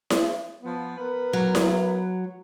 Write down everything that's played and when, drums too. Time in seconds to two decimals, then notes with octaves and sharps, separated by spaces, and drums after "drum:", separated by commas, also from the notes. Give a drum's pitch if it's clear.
0.10 drum: snare E4
0.63 F3 B3
0.97 B3 A#4 B4
1.33 F#3
1.55 drum: snare E4